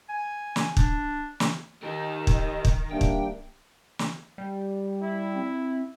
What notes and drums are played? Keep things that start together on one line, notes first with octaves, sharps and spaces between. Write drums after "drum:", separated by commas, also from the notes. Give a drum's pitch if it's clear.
G#5
drum: snare
D4, drum: kick
drum: snare
D#3 G4 A#4 D#5
drum: kick
drum: kick
G3 A#3 D4 E5 G5
drum: kick
drum: snare
G3
E4
C4